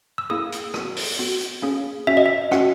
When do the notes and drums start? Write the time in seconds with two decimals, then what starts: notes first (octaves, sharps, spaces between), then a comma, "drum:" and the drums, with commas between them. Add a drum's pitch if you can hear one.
0.18 E6
0.30 A#3 E4 G#4 D#6
0.52 drum: hi-hat
0.74 B3 F#4, drum: rim click
0.96 drum: open hi-hat
1.19 B3 F#4
1.41 drum: hi-hat
1.62 A#3 C#4 G#4
2.07 C#4 F#4 E5
2.17 D#5
2.26 E5
2.51 C#4 F#4 F#5, drum: rim click